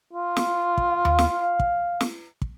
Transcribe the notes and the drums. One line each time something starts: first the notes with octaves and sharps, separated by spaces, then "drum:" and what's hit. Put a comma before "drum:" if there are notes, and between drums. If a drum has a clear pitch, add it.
F4
drum: snare
drum: kick
F5
drum: tom D#2
drum: snare
drum: kick
drum: snare
drum: kick